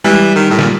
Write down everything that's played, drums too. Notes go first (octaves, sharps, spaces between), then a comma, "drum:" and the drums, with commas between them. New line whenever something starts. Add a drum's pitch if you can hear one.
E3 G3
D#3
A2
A#2, drum: snare